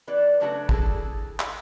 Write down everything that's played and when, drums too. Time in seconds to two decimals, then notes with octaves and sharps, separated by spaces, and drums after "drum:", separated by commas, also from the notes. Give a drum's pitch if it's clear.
0.07 E3 B3 B4 D5
0.40 C#3 F#3 A3 D4 F#4 B4
0.69 C4 E4 G#4 A4 A5, drum: kick
1.40 drum: clap